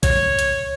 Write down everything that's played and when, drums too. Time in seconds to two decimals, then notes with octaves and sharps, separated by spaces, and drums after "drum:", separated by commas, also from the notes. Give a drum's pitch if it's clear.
0.03 C#5, drum: kick, hi-hat
0.39 drum: hi-hat